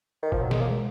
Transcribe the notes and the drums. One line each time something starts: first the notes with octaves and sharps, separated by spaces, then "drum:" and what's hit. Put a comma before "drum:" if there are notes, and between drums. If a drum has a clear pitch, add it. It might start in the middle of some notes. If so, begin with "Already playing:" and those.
D#3
F3, drum: kick
B2 F#3
G#3, drum: snare
A#3
G#3